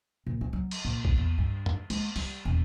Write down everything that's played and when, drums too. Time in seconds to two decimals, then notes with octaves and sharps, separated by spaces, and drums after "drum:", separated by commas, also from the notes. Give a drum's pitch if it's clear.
0.27 A#2
0.41 C#4
0.53 F#3
0.71 drum: cymbal
0.85 A#2
1.05 drum: kick A#1
1.18 E2
1.38 G2
1.66 drum: tom F2
1.90 G#3, drum: cymbal
2.16 G3, drum: open hi-hat
2.45 E1